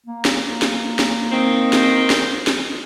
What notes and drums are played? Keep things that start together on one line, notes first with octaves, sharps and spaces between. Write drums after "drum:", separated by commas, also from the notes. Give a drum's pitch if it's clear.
A#3
drum: snare
drum: snare
drum: snare
D#3 C4
drum: snare
drum: snare
drum: snare